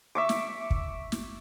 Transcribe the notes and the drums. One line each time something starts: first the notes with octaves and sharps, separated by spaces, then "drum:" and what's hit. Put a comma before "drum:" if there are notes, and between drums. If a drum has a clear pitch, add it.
E5 C#6 D6
drum: snare
drum: kick
drum: snare